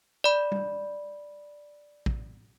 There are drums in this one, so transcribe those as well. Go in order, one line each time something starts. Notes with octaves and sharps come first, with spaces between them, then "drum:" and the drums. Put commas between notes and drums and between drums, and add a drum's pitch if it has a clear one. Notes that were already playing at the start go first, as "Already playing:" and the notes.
D5 B5
drum: tom G3
drum: kick A1